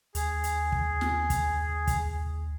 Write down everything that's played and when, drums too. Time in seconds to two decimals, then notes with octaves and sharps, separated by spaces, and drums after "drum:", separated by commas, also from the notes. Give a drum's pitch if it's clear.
0.15 D#2 G#4, drum: hi-hat
0.44 drum: hi-hat
0.72 drum: kick
1.01 drum: snare
1.30 drum: kick, hi-hat
1.87 drum: kick, hi-hat